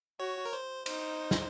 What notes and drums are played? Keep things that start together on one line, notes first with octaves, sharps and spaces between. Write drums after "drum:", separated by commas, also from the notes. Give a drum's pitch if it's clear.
F#4 C#5
A#4
C5
D#4 C5, drum: cymbal
drum: snare